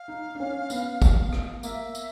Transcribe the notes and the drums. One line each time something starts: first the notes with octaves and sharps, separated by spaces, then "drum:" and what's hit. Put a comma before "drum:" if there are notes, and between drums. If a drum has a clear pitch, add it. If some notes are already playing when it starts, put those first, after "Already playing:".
Already playing: F5
D#4
D4
C#4
B3, drum: tambourine
drum: kick, tambourine
drum: rim click
A#3 E5, drum: tambourine
drum: tambourine